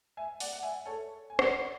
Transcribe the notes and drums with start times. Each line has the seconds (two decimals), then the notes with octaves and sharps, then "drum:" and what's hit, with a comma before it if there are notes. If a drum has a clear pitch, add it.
0.17 E5 G#5
0.40 D5 F#5, drum: open hi-hat
0.53 F#5
0.63 E5 G#5
0.86 A4 C#5
1.30 G#5
1.39 D5 F#5, drum: rim click